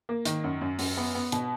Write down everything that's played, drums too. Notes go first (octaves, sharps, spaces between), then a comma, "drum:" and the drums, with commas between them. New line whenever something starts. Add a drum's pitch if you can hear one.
A#3
D#3, drum: hi-hat
F#2
F#2
F#2, drum: open hi-hat
B3
B3
B2, drum: hi-hat